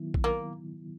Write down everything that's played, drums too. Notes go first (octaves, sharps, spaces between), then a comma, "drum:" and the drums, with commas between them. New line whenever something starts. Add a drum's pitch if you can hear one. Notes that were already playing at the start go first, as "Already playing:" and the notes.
Already playing: D#3 F#3 B3 E4
drum: kick A#1
A#3